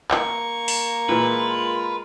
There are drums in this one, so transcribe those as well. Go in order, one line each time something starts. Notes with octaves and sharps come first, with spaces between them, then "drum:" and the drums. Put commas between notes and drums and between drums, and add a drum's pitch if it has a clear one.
A#3 C#6, drum: clap
drum: open hi-hat
A#2 E3 G#3 F4 A#4 B4